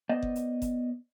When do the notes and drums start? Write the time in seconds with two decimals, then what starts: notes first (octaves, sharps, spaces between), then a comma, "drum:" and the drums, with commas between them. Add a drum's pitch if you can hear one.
0.09 B3 C5 D5 D#5
0.23 drum: kick F#1
0.36 drum: hi-hat
0.62 drum: kick F#1, hi-hat